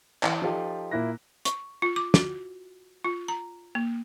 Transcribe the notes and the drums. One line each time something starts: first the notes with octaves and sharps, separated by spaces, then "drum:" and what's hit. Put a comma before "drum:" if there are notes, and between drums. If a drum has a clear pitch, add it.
E3, drum: clap
F3 D#4 F4 G4 A4
A#2 A#3 E4 F#6 A#6
C#6, drum: hi-hat
F4
D6
F#4, drum: snare
F4
A#5
A#3